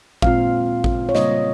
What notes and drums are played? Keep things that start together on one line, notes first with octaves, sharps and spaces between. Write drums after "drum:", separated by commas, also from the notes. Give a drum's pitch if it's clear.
A#2 G#3 C4 F4 F5, drum: kick A1
drum: kick A1
C#5
C#3 G3 A#3 D#5, drum: snare